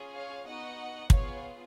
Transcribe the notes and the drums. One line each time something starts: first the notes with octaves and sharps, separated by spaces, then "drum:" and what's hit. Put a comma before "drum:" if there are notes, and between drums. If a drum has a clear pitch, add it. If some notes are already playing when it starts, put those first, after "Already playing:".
Already playing: C#4 F4 G#4
C#5 F5
B3 D#4 F#4 D#5 F#5
B3 F4 G#4 C#5 F5, drum: kick